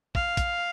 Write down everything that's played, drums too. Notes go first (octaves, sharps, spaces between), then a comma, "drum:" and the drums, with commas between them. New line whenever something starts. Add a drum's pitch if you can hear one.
F5, drum: kick
drum: kick, hi-hat